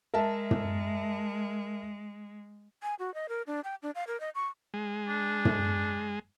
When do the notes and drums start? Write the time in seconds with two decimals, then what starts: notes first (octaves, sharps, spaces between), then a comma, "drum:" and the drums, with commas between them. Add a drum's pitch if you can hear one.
0.14 G#3 A#4 E5 A5
0.51 drum: tom
2.83 G#5
2.99 F#4
3.14 D#5
3.29 A#4
3.47 D4
3.64 G5
3.83 D4
3.95 F5
4.07 A#4
4.20 D#5
4.35 C#6
4.74 G#3
5.08 D4
5.45 drum: tom